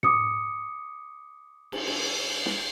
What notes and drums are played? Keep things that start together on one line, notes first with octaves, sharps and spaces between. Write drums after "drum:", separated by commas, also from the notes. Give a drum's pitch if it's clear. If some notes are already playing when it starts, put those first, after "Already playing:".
D6 D#6 C#7, drum: tom
drum: cymbal
drum: cymbal
drum: snare